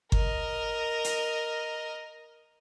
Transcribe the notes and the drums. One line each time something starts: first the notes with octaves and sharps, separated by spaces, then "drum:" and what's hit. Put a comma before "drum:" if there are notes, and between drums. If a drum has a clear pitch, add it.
A#4 D#5, drum: kick G1
drum: hi-hat